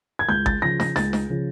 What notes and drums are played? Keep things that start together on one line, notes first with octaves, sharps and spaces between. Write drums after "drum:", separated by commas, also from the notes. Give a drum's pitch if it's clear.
G#6
C#2 G6
A6, drum: kick G#1
C#3 F3 A#6
A#6, drum: snare
C#2 A6, drum: snare
drum: snare
C#3 F3